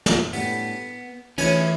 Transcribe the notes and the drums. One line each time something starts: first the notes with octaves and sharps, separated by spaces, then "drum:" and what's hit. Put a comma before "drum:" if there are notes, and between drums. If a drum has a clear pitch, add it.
drum: snare
A2 G3 B3 D4, drum: open hi-hat
E3 A3 C#4 E4, drum: cymbal